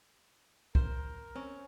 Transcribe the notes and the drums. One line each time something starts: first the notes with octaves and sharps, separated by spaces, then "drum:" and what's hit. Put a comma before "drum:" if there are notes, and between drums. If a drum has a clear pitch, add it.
A#4 C5, drum: kick
C4 C#4